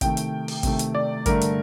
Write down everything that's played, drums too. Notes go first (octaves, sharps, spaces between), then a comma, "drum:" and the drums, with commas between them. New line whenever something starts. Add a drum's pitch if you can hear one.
C3 D#3 A3 G5, drum: kick, hi-hat
drum: hi-hat
drum: open hi-hat
C3 D#3 A3, drum: kick, hi-hat
drum: hi-hat
D5
G2 D3 A3 A#4, drum: kick, hi-hat
drum: hi-hat